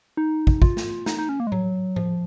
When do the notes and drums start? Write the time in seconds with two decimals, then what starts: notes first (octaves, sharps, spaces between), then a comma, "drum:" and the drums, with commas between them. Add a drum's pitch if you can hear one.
0.17 D#4
0.47 drum: kick
0.62 F4, drum: kick
0.77 drum: snare
1.06 D#4, drum: snare
1.18 D#4
1.29 C#4
1.40 A#3
1.47 G#3
1.52 F#3, drum: tom A2
1.96 F3, drum: tom A2